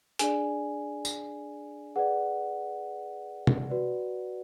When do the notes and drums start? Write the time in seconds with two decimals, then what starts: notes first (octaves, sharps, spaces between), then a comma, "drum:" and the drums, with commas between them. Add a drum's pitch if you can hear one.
0.19 D4 G#4 D5 G#5, drum: hi-hat
1.05 drum: tambourine
1.96 G#4 B4 D5 F#5
3.47 drum: tom
3.70 F#4 B4 D5